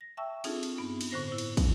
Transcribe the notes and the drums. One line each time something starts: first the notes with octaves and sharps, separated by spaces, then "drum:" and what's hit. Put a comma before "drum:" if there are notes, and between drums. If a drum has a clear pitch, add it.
A#6
E5 G5 A5 C#6 E6
C4 D4 D#4 F4 G#4 A4, drum: cymbal
drum: cymbal
G2 B3
drum: cymbal
A2 D3 C5 A#6
E4 C5
drum: cymbal
drum: kick, cymbal